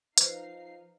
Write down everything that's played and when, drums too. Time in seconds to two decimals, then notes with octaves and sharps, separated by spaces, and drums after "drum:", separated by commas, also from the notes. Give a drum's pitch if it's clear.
0.18 F3 D#4 B4 C5 F5 C7, drum: hi-hat